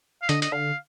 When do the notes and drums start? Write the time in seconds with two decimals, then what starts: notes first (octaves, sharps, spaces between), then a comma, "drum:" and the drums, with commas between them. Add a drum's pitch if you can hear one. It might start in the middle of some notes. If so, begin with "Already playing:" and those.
0.22 F5
0.29 D3 D#5, drum: hi-hat
0.42 D#5, drum: hi-hat
0.52 D3 F5